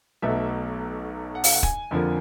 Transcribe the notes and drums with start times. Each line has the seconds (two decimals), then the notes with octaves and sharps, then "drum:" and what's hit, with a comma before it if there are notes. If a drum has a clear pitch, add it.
0.22 B1 B2 F#3 A3 E5
1.35 F#5
1.44 F5, drum: open hi-hat
1.53 F#5
1.63 G#5, drum: kick
1.91 F2 D3 F3 A#3